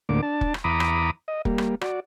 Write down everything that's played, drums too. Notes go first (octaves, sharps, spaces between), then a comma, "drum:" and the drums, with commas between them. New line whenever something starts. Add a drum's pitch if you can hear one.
D2 A2 D3 A#3 D6
D4 A5
drum: kick
drum: rim click
E2 A#5 B5 D6 D#6
drum: rim click
D#5
G3 A#3, drum: kick
drum: rim click
F#4 D5, drum: rim click